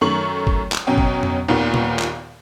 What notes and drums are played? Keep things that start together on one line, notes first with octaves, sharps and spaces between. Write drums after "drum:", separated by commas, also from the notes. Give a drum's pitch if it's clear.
F#2 D#3 A3 C#6 F#7
drum: kick
drum: clap
F#2 B2 C#4 G5
drum: kick
drum: tom F2
D#2 A#2 D#3 B3
drum: tom A#2
drum: clap